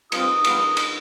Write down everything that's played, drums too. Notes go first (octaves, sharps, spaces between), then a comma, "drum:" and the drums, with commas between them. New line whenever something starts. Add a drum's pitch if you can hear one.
G3 C4 F4 D#6, drum: cymbal
G3 B3 F4, drum: cymbal
drum: cymbal